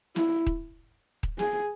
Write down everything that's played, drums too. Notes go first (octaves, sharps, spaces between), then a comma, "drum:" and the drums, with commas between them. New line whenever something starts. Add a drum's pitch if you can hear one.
E4, drum: snare
drum: kick D#1
drum: kick D#1
G#4, drum: snare